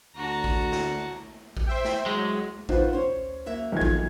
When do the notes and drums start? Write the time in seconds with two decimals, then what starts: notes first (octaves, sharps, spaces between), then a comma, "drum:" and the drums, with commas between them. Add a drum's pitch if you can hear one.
0.16 D2 F#4 A5 A#5
0.44 drum: kick A1
0.72 drum: snare
1.57 drum: kick A1
1.67 C5 E5 G5
1.85 drum: snare
2.06 F#3 G#3
2.69 D#3 F4 B4 C5 F#5, drum: kick A1
2.93 C#4 C5 C#5
3.46 F#3 A#3 E5
3.72 B1 D#3 F3 G#6
3.81 drum: kick A1